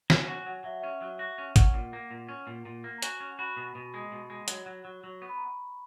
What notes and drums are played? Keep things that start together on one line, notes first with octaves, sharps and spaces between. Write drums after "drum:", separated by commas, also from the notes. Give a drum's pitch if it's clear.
F#3 G#5, drum: snare
F#4 F#5
F#3 F#5
F#3 E5
F#5
C#4 E5
F#3
F#4
C#4
C#4 F#5, drum: kick, hi-hat
A#2
A#3
A#2
C#4
A#2
A#2
A#3
A#5
F#4 G#5, drum: hi-hat
C#4
F#4 B5
B2
B2
G#3
B2
G#3
F#3, drum: hi-hat
F#3
F#3
F#3
B3 C#6
B5
A#5